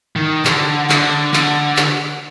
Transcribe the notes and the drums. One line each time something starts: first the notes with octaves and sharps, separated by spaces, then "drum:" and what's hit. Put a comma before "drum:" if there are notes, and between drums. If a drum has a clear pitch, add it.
D#3
D3, drum: clap
D3, drum: clap
D3, drum: clap
drum: clap